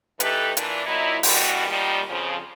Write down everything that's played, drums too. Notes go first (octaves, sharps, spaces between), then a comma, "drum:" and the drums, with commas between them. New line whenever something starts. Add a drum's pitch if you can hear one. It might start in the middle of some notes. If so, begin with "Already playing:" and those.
E3 A3 D#4 G4 A4 B4, drum: hi-hat
A#2 E3 D4, drum: hi-hat
A#2 F#3 D#4 E4
F#2 B2 D3 E3 G3 F#4, drum: open hi-hat
A#2 D#3 F3 G3
F2 C#3 F3